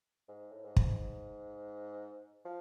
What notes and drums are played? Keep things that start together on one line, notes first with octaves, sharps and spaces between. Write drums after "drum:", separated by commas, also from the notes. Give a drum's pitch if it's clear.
G#2
A2
G#2
drum: kick
F3